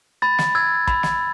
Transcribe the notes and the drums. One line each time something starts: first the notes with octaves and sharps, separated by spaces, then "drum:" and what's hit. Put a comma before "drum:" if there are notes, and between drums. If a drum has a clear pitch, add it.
B5 A6
drum: snare
E6 G#6
B5, drum: kick
drum: snare